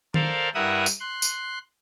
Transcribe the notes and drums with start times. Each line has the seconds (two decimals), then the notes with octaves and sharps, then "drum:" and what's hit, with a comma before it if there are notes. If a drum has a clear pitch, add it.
0.14 A4 A#4 C5 D5 F5, drum: tom D#3
0.55 G2 E4 A#4 E5 F#5 D#6
0.86 drum: tambourine
1.00 C6 F#6
1.22 drum: tambourine